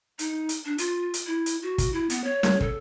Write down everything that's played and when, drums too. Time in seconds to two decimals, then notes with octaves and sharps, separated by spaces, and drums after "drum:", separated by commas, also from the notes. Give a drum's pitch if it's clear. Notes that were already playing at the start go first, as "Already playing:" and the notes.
0.19 D#4, drum: hi-hat
0.49 drum: hi-hat
0.65 D4
0.78 F4, drum: hi-hat
1.14 drum: hi-hat
1.27 E4
1.46 drum: hi-hat
1.62 F#4
1.78 drum: kick, hi-hat
1.93 E4
2.10 B3, drum: hi-hat
2.24 C#5
2.43 drum: snare
2.61 A4, drum: kick